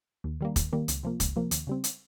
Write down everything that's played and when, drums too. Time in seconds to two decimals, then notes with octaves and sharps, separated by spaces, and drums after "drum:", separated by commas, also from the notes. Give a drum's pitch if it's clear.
0.24 D#2
0.41 D#3 G3 A#3
0.56 D#2, drum: kick E1, hi-hat
0.73 D#3 G3 A#3
0.88 C#2, drum: hi-hat
1.03 C3 F3 A#3
1.20 C#2, drum: kick E1, hi-hat
1.36 C3 F3 A#3
1.51 D#2, drum: hi-hat
1.67 C#3 G3 C4
1.84 drum: hi-hat